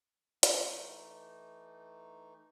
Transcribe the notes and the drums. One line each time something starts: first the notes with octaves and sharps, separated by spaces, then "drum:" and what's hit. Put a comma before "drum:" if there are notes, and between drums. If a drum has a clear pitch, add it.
E3 A3 D#4, drum: hi-hat